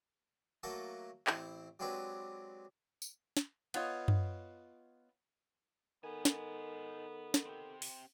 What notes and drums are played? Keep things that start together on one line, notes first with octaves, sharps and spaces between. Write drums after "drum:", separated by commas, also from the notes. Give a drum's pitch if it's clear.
F#3 A3 A#3 F#5 A5
A1 C4 E4 C5, drum: clap
F#3 G#3 C4 D4 G4 B4
drum: tambourine
drum: snare
B3 F4 C#5 D#5, drum: cymbal
drum: tom F#2
D#3 B3 D#4 A4 G#5
drum: snare
drum: snare
C4 G4
drum: open hi-hat